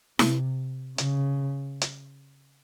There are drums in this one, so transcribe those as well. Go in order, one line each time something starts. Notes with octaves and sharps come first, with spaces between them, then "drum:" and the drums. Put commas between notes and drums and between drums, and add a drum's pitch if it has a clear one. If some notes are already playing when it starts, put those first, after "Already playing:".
C3, drum: snare E4
C#3, drum: hi-hat
drum: hi-hat